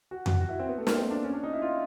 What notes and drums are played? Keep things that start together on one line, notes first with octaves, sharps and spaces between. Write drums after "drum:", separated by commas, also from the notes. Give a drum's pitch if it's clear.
F#4
F#4, drum: tom F2
F#4
E4
C4
B3
A3
A#3, drum: snare
C4
D4
C#4
D4
D#4
E4
F4